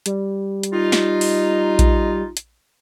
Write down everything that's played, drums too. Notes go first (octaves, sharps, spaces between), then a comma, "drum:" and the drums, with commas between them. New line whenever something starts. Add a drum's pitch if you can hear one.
G3, drum: hi-hat
drum: hi-hat
D#4 F4
drum: snare
drum: open hi-hat
drum: kick A#1, hi-hat
drum: hi-hat